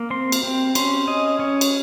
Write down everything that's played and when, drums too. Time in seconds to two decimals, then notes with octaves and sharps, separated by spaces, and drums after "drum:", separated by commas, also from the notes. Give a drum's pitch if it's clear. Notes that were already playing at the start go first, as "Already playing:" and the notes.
Already playing: A#3
0.10 C4 C6
0.32 drum: cymbal
0.43 C4
0.75 C#4 C6, drum: cymbal
1.07 C#4 D#5
1.39 C#4 C#5
1.61 drum: cymbal